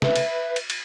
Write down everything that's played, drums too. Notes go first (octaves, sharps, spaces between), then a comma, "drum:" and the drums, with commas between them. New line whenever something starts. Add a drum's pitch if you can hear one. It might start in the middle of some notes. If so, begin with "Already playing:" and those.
B4 E5, drum: snare
drum: cymbal
drum: cymbal
drum: cymbal